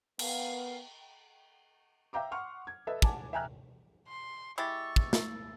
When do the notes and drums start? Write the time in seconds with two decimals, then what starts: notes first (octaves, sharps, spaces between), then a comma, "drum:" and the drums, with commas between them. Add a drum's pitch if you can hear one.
0.19 B3 A#4 F5, drum: cymbal
2.13 E5 F5 G5 A#5 D6
2.31 F#5 C6 C#6 F6
2.67 G#6
2.87 A4 B4 D#5 E5
3.02 F#5 G#5 A5 D6, drum: kick
3.33 E5 G5 G#5 A#5 F6 F#6
4.08 C6
4.58 G#3 E4 G4 C#6 E6 A6
4.96 drum: kick
5.13 drum: snare